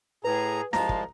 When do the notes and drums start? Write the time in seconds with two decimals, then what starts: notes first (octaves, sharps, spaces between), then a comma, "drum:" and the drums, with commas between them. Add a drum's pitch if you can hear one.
0.24 A2 G#4 B4 A#5
0.73 C2 F3 G#3 F5 A5 A#5 A#6, drum: snare
0.89 drum: kick